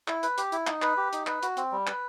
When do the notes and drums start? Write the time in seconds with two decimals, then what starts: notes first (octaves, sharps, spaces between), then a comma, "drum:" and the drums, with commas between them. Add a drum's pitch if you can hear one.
0.08 E4, drum: clap
0.23 B4, drum: hi-hat
0.38 G4, drum: hi-hat
0.52 E4, drum: hi-hat
0.67 D#4, drum: clap
0.82 B4, drum: clap
0.97 G4
1.13 D#4, drum: hi-hat
1.27 B4, drum: clap
1.43 F#4, drum: hi-hat
1.57 C4, drum: hi-hat
1.72 G3
1.87 B4, drum: clap